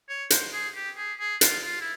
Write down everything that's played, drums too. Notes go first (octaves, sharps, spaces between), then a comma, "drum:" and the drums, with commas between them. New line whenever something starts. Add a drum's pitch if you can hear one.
C#5
C5, drum: hi-hat
G#4
G4
G#4
G#4
F4, drum: hi-hat
F4
E4